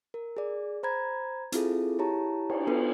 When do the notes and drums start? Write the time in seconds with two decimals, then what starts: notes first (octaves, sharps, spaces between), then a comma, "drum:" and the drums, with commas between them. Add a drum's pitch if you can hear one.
0.14 A#4
0.37 G#4 D5
0.83 C5 A#5 B5 G#6
1.52 C4 E4 F4 G#4 A4, drum: hi-hat
1.99 E4 G4 C#5 A5 A#5
2.50 drum: cymbal
2.67 B3 D4 F4 A4 B4